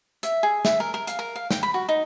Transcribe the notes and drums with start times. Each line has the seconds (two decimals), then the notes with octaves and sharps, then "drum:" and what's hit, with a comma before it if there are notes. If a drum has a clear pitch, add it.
0.23 E5, drum: hi-hat
0.43 G#4
0.65 E5, drum: snare
0.80 A#4
0.94 A#4
1.07 F5, drum: hi-hat
1.19 A#4
1.36 F5
1.51 G5, drum: snare
1.63 B5
1.74 F#4
1.89 D#4